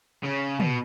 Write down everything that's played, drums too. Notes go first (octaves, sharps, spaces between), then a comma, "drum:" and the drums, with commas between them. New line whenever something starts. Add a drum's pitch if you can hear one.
C#3
B2, drum: tom